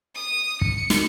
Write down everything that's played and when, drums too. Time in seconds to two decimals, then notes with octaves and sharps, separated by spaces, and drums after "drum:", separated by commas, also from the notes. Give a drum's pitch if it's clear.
0.15 D#6
0.61 C#7, drum: kick
0.90 drum: snare